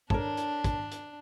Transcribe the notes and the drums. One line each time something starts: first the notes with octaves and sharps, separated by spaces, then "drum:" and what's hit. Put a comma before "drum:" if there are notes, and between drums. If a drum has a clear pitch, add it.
D4 A#4 C#5 A5, drum: kick
drum: hi-hat
drum: kick, hi-hat
drum: hi-hat